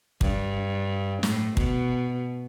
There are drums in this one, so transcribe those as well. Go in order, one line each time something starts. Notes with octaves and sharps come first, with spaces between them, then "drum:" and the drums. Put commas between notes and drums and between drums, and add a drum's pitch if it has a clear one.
G2, drum: kick
A2, drum: snare
B2, drum: kick